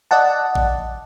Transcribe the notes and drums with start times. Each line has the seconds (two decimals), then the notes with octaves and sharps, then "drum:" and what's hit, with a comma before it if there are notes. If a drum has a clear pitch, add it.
0.11 D5 D#5 F#5 A5
0.55 drum: kick A1